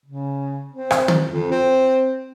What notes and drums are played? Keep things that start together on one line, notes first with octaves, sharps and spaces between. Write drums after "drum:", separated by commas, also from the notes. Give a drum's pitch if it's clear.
C#3
C4
drum: rim click
drum: tom
F2
C4